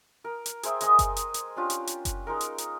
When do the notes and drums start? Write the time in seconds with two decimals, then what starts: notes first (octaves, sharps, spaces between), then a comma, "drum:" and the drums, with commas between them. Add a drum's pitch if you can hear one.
0.24 A#4
0.46 drum: hi-hat
0.63 G#4 C5 E5 G5, drum: hi-hat
0.81 G#3 D#5 G#5 D#6, drum: hi-hat
0.99 drum: kick F#1, hi-hat
1.16 drum: hi-hat
1.34 drum: hi-hat
1.56 C#4 D4 F4 G4
1.70 drum: hi-hat
1.87 drum: hi-hat
2.05 drum: kick F#1, hi-hat
2.27 G#3 D#4 A#4
2.41 drum: hi-hat
2.58 drum: hi-hat